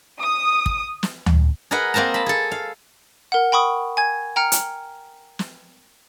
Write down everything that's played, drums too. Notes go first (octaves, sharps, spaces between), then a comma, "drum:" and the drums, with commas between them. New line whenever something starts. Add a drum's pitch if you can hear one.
D#6
drum: kick
drum: snare
drum: tom D2
G#4 A#4 B4 D#5 F#5
A#3 C4 A#4 A5 A#5
A5 B5
G#4 A4
F5
A#4 F#5
G5 B5 C#6 D#6
G#5 G#6
G5 A#5 F6 C#7
drum: hi-hat
drum: snare